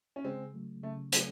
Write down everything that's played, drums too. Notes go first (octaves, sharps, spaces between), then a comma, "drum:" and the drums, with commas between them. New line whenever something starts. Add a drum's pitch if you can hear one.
C#4
C#3 G#3 C4
F#3 A3
C#3 A3
F#3 A3, drum: hi-hat